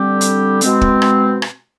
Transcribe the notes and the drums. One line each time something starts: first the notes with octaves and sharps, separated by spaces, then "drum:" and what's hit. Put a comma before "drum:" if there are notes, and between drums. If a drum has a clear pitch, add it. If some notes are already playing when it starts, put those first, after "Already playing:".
Already playing: D3 G3 C4 G4
drum: hi-hat
B2 G#3 C4, drum: hi-hat
drum: kick
drum: rim click
drum: rim click